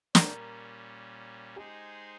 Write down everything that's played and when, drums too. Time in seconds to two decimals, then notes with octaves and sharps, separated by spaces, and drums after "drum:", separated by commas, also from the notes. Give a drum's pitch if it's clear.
0.15 A#2 G3 C#4 A#4 A#5, drum: snare
1.56 G#3 D#4 G4 G#4 C5 G5